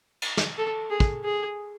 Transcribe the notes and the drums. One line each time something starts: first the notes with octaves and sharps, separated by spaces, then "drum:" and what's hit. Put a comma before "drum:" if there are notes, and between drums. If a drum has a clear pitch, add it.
drum: cymbal
drum: snare
A4
G#4
drum: kick
G#4